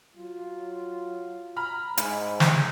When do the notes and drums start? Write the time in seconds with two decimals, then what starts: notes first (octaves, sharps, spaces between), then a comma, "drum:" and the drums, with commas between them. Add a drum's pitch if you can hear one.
0.16 F#3 F4
1.56 A#5 B5 F6
1.98 G#2 G#5 B5, drum: hi-hat
2.40 drum: snare